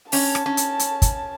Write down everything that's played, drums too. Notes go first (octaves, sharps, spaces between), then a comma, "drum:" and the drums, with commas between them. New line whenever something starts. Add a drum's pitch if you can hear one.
C#4 A5, drum: open hi-hat
drum: rim click
C#4
drum: hi-hat
drum: hi-hat
drum: kick, hi-hat